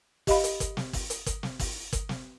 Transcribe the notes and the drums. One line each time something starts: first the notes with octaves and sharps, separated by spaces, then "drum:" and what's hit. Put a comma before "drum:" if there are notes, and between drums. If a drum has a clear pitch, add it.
G4 D#5 F5 B5, drum: kick, open hi-hat
drum: hi-hat
drum: kick, hi-hat
drum: snare
drum: kick, open hi-hat
drum: hi-hat
drum: kick, hi-hat
drum: snare
drum: kick, open hi-hat
drum: kick, hi-hat
drum: snare